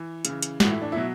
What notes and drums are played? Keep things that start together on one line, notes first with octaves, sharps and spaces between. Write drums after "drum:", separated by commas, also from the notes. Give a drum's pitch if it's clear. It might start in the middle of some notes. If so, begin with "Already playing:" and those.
Already playing: E3
C#3 E3, drum: hi-hat
drum: hi-hat
A2 E3 F#4, drum: snare
E4
D4
B2 F#3 E4